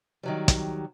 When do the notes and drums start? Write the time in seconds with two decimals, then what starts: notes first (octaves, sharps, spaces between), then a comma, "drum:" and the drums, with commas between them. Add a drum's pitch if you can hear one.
0.23 D#3 F#3 G3
0.48 drum: kick, hi-hat